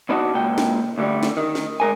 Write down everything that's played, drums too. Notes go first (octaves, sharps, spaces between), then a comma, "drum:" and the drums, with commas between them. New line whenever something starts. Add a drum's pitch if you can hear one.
B2 B3 D4 D#4 F4 F#4
C#2 A#2 G5
drum: snare
D2 D3 G3
drum: snare
D#3
drum: snare
G#3 A#4 G#5